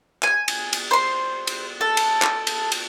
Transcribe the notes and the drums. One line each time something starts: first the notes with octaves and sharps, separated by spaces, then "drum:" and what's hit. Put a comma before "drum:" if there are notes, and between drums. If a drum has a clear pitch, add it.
G#5, drum: clap
drum: cymbal
drum: cymbal
C5 C6
drum: cymbal
A4
drum: cymbal
drum: clap
drum: cymbal
drum: cymbal